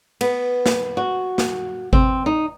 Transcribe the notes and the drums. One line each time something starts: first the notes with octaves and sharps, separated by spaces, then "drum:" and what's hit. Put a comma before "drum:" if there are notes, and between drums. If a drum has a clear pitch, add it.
B3, drum: cymbal
drum: snare
F#4
drum: snare
C4, drum: kick G#1
D#4